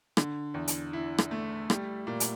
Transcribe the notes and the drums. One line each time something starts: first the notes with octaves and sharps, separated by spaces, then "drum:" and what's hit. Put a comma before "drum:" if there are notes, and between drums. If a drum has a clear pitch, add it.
D3, drum: rim click
E2
drum: hi-hat
E4
drum: rim click
A3
G3, drum: rim click
A#2
drum: hi-hat